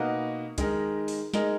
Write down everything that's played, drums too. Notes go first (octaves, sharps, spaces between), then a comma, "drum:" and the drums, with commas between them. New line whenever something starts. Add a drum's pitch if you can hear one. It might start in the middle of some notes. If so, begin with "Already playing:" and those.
Already playing: B2 A#3 D#4 F#4 B4
D#3 G#3 D#4 A#4, drum: kick C2, hi-hat
drum: open hi-hat
G#3 D#4 A#4, drum: snare